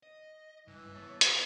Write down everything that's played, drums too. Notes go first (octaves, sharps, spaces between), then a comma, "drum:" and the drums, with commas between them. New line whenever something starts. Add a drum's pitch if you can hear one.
D#5
C#2 G2 E3
D#2 B3 C#5 A5
B4, drum: hi-hat